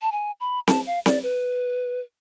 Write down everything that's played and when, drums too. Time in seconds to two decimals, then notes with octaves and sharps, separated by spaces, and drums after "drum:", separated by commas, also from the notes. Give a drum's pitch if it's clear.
0.02 A5
0.12 G#5
0.40 B5
0.67 A5, drum: snare C4
0.87 F5
1.06 D5, drum: snare C4
1.23 B4